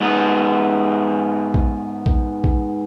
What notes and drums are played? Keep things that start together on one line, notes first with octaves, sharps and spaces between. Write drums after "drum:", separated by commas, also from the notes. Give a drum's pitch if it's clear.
G#2 B3
drum: kick A#1
drum: kick A#1
drum: kick A#1